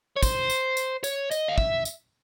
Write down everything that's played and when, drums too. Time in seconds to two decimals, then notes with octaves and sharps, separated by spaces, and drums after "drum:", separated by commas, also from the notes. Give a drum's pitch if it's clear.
0.16 C#5
0.23 C5, drum: kick, tambourine
0.50 drum: tambourine
0.77 drum: tambourine
1.04 C#5, drum: tambourine
1.31 D#5, drum: tambourine
1.49 F5
1.58 E5, drum: kick
1.85 drum: tambourine